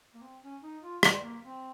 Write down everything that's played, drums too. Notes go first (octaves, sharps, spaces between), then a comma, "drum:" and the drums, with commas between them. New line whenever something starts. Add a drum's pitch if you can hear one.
A#3
C4
C#4
D#4
F4
G3, drum: rim click
A#3
C4